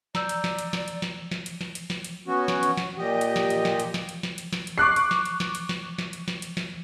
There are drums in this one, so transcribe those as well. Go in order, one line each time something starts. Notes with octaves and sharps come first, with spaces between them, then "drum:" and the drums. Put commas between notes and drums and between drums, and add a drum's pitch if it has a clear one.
D5 A#5 E6 G6, drum: snare
drum: hi-hat
drum: snare
drum: hi-hat
drum: snare
drum: hi-hat
drum: snare
drum: snare
drum: hi-hat
drum: snare
drum: hi-hat
drum: snare
drum: hi-hat
B3 C#4 F#4
drum: snare
drum: hi-hat
drum: snare
A#2 G4 D#5
drum: hi-hat
drum: snare
drum: hi-hat
drum: snare
drum: hi-hat
drum: snare
drum: hi-hat
drum: snare
drum: hi-hat
drum: snare
drum: hi-hat
C#6 D6 F#6 C7
drum: hi-hat
drum: snare
drum: hi-hat
drum: snare
drum: hi-hat
drum: snare
drum: snare
drum: hi-hat
drum: snare
drum: hi-hat
drum: snare